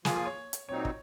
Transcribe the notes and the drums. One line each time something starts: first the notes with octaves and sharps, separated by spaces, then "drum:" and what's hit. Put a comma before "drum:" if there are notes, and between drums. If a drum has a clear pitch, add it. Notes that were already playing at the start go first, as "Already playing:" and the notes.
F3 A#3 F4 G#4, drum: snare
G#4
C#5
drum: hi-hat
A#2 F#3 C4 D#4 C#5
drum: kick